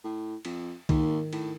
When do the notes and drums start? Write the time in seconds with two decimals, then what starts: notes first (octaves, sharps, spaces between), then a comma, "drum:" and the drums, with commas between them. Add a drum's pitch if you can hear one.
0.04 A2
0.45 F2, drum: cymbal
0.89 D#2 D#3, drum: kick C2, cymbal
1.33 A2, drum: cymbal